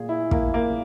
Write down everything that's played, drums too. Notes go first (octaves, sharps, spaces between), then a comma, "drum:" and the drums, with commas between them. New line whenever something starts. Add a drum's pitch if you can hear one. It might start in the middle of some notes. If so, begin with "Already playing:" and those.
Already playing: A#2 G#4
E4
A#3, drum: kick
A#3